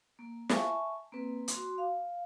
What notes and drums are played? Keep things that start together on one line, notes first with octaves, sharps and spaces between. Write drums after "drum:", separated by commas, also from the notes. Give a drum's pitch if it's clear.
A#3
E5 G#5 A5 C#6, drum: snare
A#3 C4 B4
F#4 C6 D6, drum: hi-hat
F5